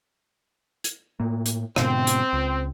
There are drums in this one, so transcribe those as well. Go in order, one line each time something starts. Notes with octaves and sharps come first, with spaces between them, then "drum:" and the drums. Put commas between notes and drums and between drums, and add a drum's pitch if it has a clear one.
drum: hi-hat
A2 A#3
drum: hi-hat
G#2 B2 D3 C4, drum: rim click
drum: hi-hat
C#2